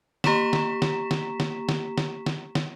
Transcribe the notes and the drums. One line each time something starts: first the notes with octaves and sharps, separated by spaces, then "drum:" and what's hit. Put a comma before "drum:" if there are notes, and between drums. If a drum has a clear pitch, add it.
A#3 G4 A#5 C#6 B6 E7, drum: snare
drum: snare
drum: snare
drum: snare
drum: snare
drum: snare
drum: snare
drum: snare
drum: snare